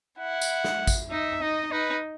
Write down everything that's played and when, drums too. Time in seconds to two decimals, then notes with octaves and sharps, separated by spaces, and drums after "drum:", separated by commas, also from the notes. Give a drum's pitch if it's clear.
0.18 E4 F#5
0.41 drum: tambourine
0.64 drum: snare
0.87 drum: kick, tambourine
1.11 D#4 E5
1.42 D#4 D#5
1.71 D#4 B4